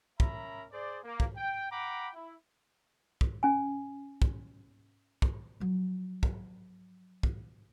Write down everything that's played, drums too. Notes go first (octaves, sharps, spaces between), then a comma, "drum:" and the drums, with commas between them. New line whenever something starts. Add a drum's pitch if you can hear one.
C#4 A#4 E5 A#5 B5, drum: kick
G#4 C5 D5
A#3
drum: kick
G5
F#5 G5 A#5 B5 D6
E4
drum: kick
C#4 G#5
drum: kick
drum: kick
F3 F#3
drum: kick
drum: kick